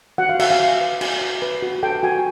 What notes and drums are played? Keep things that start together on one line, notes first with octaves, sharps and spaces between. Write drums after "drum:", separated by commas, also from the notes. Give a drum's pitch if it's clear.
F#4 F#5
F5
F#4 E5, drum: cymbal
F5
F#4
B4
F#4, drum: cymbal
F#4
B4
F#4
A4 G5
F#4 G#5